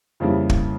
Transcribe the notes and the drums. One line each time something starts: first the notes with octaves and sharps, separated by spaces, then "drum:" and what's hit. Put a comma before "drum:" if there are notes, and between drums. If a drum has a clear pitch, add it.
F2 C#3 G3 A#3 E4
drum: kick